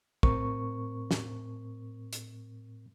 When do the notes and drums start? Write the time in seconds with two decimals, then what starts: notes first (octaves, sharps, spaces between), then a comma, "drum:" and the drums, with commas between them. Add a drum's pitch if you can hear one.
0.23 A2 C4 A#4 C#6, drum: kick
1.11 drum: snare
2.13 drum: hi-hat